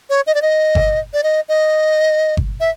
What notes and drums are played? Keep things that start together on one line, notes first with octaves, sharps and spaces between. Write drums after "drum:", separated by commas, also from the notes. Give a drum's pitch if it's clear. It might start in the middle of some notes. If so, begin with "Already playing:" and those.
C#5
D#5
D5
D#5
drum: kick G1
D5
D#5
D#5
drum: kick G1
E5